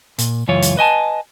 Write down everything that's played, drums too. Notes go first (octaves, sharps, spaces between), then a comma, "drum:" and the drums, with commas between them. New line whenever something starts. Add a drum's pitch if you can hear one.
A#2, drum: hi-hat
C#2 F#2 E3 F4 C#5
drum: hi-hat
B4 D#5 G#5 A5